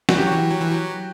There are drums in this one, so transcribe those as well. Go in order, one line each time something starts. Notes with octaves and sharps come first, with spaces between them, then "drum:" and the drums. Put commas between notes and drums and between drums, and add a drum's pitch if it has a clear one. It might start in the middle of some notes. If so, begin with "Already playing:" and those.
E3 F#4, drum: snare
F#3 G4
F#4
E3
F#3
E3
F#3